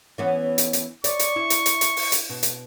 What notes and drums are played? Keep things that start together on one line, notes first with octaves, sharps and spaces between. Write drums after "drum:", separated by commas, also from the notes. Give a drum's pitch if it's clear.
E3 B3 C#4
drum: hi-hat
drum: hi-hat
D5 C#6, drum: hi-hat
drum: hi-hat
E4
drum: hi-hat
drum: hi-hat
drum: hi-hat
drum: open hi-hat
drum: hi-hat
B2
drum: hi-hat